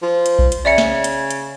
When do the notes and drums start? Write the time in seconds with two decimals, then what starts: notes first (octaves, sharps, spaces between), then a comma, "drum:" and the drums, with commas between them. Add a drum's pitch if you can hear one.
0.02 F3
0.26 drum: hi-hat
0.39 drum: kick A#1
0.52 drum: hi-hat
0.65 C#3 D5 E5 C#7
0.78 drum: snare
1.04 drum: hi-hat
1.30 drum: hi-hat